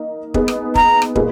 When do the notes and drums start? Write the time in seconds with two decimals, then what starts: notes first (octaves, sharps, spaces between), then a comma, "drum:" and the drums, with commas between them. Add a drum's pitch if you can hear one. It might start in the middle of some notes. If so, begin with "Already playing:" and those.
Already playing: A#3 D#4 A#4 D#5
0.34 B3 D#4 G#4, drum: kick
0.48 drum: rim click
0.75 A#5, drum: kick
1.02 drum: rim click
1.15 A#2 A#3 D#4 G#4 B4, drum: kick